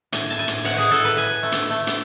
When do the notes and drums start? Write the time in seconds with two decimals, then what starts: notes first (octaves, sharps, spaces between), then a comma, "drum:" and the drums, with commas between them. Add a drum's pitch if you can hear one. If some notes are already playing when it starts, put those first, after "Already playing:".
0.12 A2 G#5, drum: hi-hat
0.30 A5
0.38 A2 G#5
0.48 drum: hi-hat
0.64 A2 F#5, drum: open hi-hat
0.78 G#4
0.91 A2 A4
1.05 B4
1.17 A2 G#5
1.43 A3
1.52 drum: hi-hat
1.70 A3
1.87 drum: hi-hat